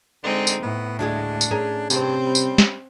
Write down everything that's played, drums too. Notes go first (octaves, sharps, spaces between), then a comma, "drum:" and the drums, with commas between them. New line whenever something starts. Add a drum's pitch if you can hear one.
D3 G#3 C4 D#4
drum: tambourine
A2 B3
D2 G#3 D4 G#4
drum: tambourine
C#4 G#4 A#4
G2 C3 C4, drum: tambourine
G3
drum: tambourine
drum: snare